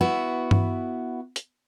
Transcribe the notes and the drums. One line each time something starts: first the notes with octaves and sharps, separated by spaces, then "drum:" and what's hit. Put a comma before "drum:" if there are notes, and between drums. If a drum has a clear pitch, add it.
B3 E4 F#4
drum: tom G2
drum: hi-hat